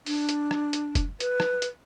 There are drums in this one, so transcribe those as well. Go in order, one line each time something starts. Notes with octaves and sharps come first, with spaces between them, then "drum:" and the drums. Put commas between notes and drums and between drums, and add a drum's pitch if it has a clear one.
D4, drum: open hi-hat
drum: hi-hat
drum: rim click
drum: hi-hat
drum: kick, hi-hat
B4, drum: hi-hat
drum: rim click
drum: hi-hat